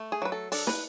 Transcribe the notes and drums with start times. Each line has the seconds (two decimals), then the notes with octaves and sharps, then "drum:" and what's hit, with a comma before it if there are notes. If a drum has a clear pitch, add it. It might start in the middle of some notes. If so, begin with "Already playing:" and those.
Already playing: A3
0.12 G#4
0.22 F#3 B4
0.32 A4
0.52 D4 A4, drum: open hi-hat
0.67 B4, drum: snare